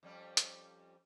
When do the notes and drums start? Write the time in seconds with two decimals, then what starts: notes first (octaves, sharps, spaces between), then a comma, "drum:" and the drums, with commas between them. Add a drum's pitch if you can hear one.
0.03 F2 G3 C#4
0.37 drum: hi-hat